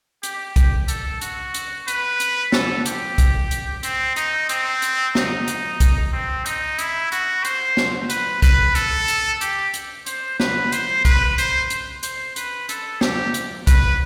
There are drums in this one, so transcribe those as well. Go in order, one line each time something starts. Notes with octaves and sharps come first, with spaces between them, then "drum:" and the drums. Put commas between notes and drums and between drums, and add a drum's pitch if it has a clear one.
G4, drum: hi-hat
drum: kick, hi-hat
A4, drum: hi-hat
F#4, drum: hi-hat
drum: hi-hat
B4, drum: hi-hat
drum: hi-hat
A4, drum: snare
G4, drum: hi-hat
drum: kick, hi-hat
drum: hi-hat
C4, drum: hi-hat
D#4, drum: hi-hat
C4, drum: hi-hat
drum: hi-hat
D#4, drum: snare
drum: hi-hat
drum: kick, hi-hat
C4
D#4, drum: hi-hat
E4, drum: hi-hat
F#4, drum: hi-hat
C5, drum: hi-hat
drum: snare
B4, drum: hi-hat
B4, drum: kick, hi-hat
A4, drum: hi-hat
drum: hi-hat
G4, drum: hi-hat
drum: hi-hat
C5, drum: hi-hat
B4, drum: snare
C5, drum: hi-hat
B4, drum: kick, hi-hat
C5, drum: hi-hat
drum: hi-hat
C5, drum: hi-hat
B4, drum: hi-hat
A4, drum: hi-hat
G4, drum: snare
drum: hi-hat
B4, drum: kick, hi-hat